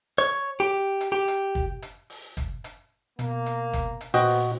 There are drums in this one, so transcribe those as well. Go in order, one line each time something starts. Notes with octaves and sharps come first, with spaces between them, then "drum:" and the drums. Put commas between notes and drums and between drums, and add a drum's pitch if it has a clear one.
C#5
G4
drum: hi-hat
G4
drum: hi-hat
drum: kick
drum: hi-hat
drum: open hi-hat
drum: kick, hi-hat
drum: hi-hat
B2 A#3, drum: hi-hat
drum: hi-hat
drum: kick, hi-hat
drum: hi-hat
A#2 B3 F#4 C5 D#5 G5
drum: open hi-hat